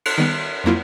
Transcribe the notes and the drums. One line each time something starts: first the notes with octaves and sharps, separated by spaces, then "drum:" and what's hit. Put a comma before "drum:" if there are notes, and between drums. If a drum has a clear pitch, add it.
drum: cymbal
D#3 G3 B3
F2 F#3 A#3 E4 F4